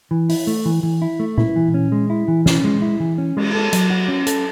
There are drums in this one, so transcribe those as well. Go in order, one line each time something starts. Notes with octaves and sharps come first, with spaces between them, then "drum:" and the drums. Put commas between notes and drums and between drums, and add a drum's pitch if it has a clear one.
E3
E4, drum: open hi-hat
A3
E3
E3
E4
A3
E4, drum: tom A#2
E3
C#4
G#3
E4
E3
C#4, drum: snare
G#3
E4
E3
C#4
G#3, drum: cymbal
A4
F#3, drum: hi-hat
F#4
C#4
A4, drum: hi-hat